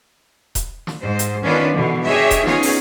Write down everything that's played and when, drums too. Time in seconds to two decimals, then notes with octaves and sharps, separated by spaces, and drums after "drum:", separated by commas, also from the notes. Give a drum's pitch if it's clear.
0.55 drum: kick D#1, hi-hat
0.87 drum: snare
1.00 G#2 C5
1.19 drum: hi-hat
1.43 D#3 B3 C#4 D4 F4 B4
1.76 B2 D3 E3
2.07 D4 G4 G#4 C#5 D#5 E5
2.31 drum: kick D#1, hi-hat
2.47 B3 C#4 D#4 F4 G#4 C#5, drum: snare
2.63 drum: open hi-hat